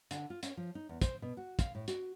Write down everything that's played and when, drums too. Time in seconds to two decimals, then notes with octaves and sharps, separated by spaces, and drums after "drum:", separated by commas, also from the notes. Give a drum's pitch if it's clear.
0.11 D3, drum: hi-hat
0.30 F4
0.43 C#4, drum: hi-hat
0.57 F3
0.75 D#4
0.89 E2
1.02 C5, drum: kick, hi-hat
1.22 B2
1.37 F#4
1.59 F5, drum: kick, hi-hat
1.75 A2
1.88 F#4, drum: hi-hat